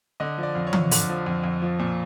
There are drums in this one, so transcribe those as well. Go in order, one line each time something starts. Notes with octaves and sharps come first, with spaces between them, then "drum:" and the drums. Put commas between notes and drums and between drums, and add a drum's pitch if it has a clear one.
D3 D#5
F3
D5
F2
C#5
F2, drum: tom E3
D3, drum: open hi-hat
F3
F2
F2
F3
A#2